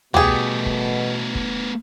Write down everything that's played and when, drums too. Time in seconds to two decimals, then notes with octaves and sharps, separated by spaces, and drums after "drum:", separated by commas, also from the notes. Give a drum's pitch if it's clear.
0.14 B2 A3 B3 G4 G#4, drum: tom
0.66 drum: kick
1.35 drum: kick